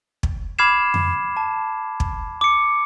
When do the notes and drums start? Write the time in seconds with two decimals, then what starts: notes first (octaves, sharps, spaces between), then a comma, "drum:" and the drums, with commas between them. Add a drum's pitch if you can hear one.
0.23 drum: kick
0.59 B5 D6 F6 G#6 C7 E7
0.94 drum: tom F2
1.37 A5
2.00 drum: kick
2.41 D6 C#7